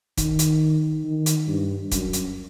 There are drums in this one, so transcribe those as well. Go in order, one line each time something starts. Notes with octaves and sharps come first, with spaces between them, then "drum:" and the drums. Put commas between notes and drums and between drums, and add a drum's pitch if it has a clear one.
D#3, drum: kick, hi-hat
drum: hi-hat
D#3
drum: hi-hat
G2
F#2, drum: kick, hi-hat
drum: hi-hat